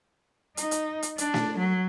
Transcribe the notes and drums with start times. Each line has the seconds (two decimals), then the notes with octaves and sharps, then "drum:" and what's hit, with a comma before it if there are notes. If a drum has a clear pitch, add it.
0.57 D#4, drum: hi-hat
0.71 drum: hi-hat
1.03 drum: hi-hat
1.18 D4, drum: hi-hat
1.34 drum: snare
1.58 F#3